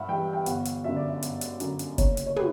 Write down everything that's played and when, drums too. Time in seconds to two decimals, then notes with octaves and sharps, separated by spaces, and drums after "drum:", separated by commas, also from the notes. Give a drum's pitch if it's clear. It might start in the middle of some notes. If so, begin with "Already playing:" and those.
Already playing: G2 E5 F#5
0.09 E3 G3 G5
0.33 G5
0.46 G1 F#5, drum: hi-hat
0.65 drum: hi-hat
0.84 F#2 D3 E5
0.96 D5
1.08 E5
1.23 G1, drum: hi-hat
1.41 drum: hi-hat
1.60 F#2 D3, drum: hi-hat
1.79 drum: hi-hat
1.98 F#1 C#5, drum: kick F#1, hi-hat
2.17 drum: hi-hat
2.26 C#5
2.36 B4, drum: tom